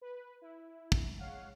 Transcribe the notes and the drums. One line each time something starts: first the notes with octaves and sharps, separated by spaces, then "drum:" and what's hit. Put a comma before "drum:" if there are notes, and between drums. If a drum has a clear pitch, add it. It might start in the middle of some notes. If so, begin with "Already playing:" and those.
B4
E4
drum: kick
G#3 C#5 F5 F#5